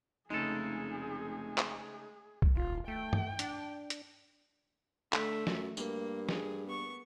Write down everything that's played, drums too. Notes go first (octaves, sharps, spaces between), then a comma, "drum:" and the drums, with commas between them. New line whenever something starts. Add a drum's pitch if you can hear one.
F1 C#3 G#3 A3 D#4 G#4 A4
drum: clap
drum: kick
D#1 F4
A3 G5
drum: tom G2
D4, drum: hi-hat
drum: hi-hat
D3 A3 E5, drum: clap
F#2, drum: snare
G2 A#3, drum: tambourine
G#4, drum: snare
B3 C#6